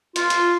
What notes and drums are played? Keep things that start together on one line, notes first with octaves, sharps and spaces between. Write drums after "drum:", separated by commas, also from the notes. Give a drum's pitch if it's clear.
F4, drum: hi-hat
drum: hi-hat